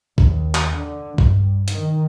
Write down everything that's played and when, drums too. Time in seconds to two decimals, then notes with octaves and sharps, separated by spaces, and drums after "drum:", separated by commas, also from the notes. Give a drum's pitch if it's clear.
0.18 D#2, drum: kick
0.55 drum: clap
0.75 D3
1.18 G2, drum: kick
1.68 D#3, drum: hi-hat